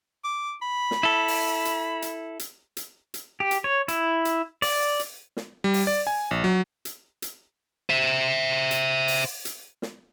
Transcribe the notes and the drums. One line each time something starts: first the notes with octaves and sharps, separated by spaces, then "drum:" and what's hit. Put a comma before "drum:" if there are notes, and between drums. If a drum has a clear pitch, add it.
D6
B5
drum: snare
E4 A4
drum: open hi-hat
drum: hi-hat
drum: hi-hat
drum: hi-hat
drum: hi-hat
drum: hi-hat
G4
drum: hi-hat
C#5
E4, drum: hi-hat
drum: hi-hat
D5, drum: open hi-hat
drum: hi-hat
drum: snare
G3
drum: open hi-hat
D5
G#5
A#1
F#3
drum: hi-hat
drum: hi-hat
C5 E5
drum: hi-hat
drum: open hi-hat
drum: hi-hat
drum: snare